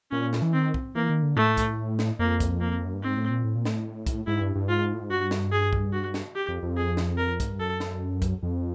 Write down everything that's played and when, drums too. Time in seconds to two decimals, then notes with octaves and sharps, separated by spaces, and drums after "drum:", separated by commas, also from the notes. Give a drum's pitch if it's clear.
0.11 A#2 C#4
0.33 drum: snare
0.42 E3
0.53 D#3 C4
0.74 drum: kick
0.95 E3 A#3
1.10 D#3
1.22 D3
1.36 A2 A3
1.57 drum: kick, hi-hat
1.99 drum: snare
2.19 F2 A#3
2.40 drum: kick, hi-hat
2.61 A#3
2.85 F#2
2.94 G2
3.03 G#2 C4
3.17 A2
3.30 A#2
3.44 A2
3.55 A#2
3.65 A2, drum: snare
4.07 drum: kick, hi-hat
4.27 G#2 E4
4.41 G2
4.56 G2
4.69 G#2 F4
4.94 A2
5.01 G#2
5.10 G2 F#4
5.31 drum: snare
5.52 G#4
5.73 drum: kick
5.93 F#4
6.14 drum: snare
6.35 G4
6.49 F2
6.63 F2
6.77 G#4
6.97 drum: snare
7.18 A#4
7.40 G#2, drum: kick, hi-hat
7.49 G2
7.59 F#2 A4
7.80 drum: snare
8.22 drum: kick, hi-hat
8.43 F2